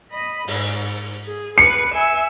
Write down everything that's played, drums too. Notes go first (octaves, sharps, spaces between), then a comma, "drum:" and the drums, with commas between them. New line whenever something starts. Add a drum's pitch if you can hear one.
D#5 B5
G#2, drum: open hi-hat
G#4
B4 C#7
E5 G#5 E6